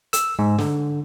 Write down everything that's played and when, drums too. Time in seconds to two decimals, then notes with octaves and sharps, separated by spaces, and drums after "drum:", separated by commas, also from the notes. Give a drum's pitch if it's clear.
0.13 E6, drum: hi-hat
0.39 G#2
0.58 D3, drum: snare